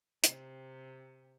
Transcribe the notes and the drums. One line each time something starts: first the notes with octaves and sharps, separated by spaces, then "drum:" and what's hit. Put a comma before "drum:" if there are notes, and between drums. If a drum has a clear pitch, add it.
C3, drum: hi-hat